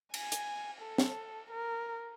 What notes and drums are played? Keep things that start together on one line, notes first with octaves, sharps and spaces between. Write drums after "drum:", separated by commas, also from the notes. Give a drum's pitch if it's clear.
G#5, drum: cymbal
drum: hi-hat
A4
drum: snare
A#4